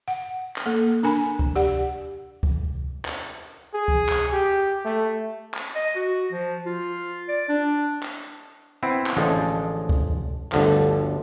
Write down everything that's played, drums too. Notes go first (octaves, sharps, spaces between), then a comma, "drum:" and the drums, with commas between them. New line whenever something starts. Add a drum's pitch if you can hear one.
F#5
drum: clap
A#3 A4
D4 A#4 G#5 B5
drum: kick C#2
G4 D5 F#5
drum: kick C#2
drum: clap
G#4
drum: kick C#2
drum: clap
G4
A3
drum: clap
D#5
F#4
F3
F4
D5
D4
drum: clap
B3 C4 E4
drum: clap
A1 D3 F3 G#3
drum: kick C#2
G1 D2 D3 F3, drum: clap